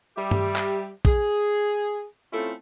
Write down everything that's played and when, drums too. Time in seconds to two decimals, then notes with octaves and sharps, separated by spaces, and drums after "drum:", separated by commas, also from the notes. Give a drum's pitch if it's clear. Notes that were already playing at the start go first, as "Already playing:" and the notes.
0.16 G3 G4 E5
0.31 drum: tom G2
0.56 drum: clap
1.05 G#4, drum: kick
2.32 A3 C4 C#4 E4 F4 A4